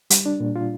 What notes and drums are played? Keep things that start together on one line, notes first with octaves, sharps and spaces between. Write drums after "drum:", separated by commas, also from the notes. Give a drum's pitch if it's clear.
G3, drum: hi-hat
D4
A#2
F4